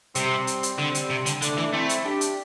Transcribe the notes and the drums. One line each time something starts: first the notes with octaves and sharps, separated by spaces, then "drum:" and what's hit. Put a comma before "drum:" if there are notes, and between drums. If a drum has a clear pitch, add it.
C3 G3 C4, drum: hi-hat
drum: hi-hat
drum: hi-hat
D3 G3 C4
drum: hi-hat
C3
D3, drum: hi-hat
D3 A3 D4, drum: hi-hat
E3
A3 C4 E4
drum: hi-hat
D4 G4
drum: hi-hat